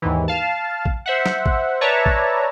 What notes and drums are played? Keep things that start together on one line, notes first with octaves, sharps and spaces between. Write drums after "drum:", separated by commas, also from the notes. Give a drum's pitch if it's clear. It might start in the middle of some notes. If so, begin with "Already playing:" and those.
D#2 G#2 E3
F5 A5
drum: kick A#1
C5 E5 F#5
drum: snare
drum: kick A#1
B4 C#5 D5 E5 A5 A#5
drum: kick A#1